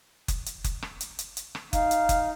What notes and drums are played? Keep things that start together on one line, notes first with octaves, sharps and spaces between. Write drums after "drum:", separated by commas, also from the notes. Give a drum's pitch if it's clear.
drum: kick F#1, hi-hat
drum: hi-hat
drum: kick F#1, hi-hat
drum: rim click
drum: hi-hat
drum: hi-hat
drum: hi-hat
drum: rim click
D#4 F5, drum: kick F#1, hi-hat
drum: hi-hat
drum: kick F#1, hi-hat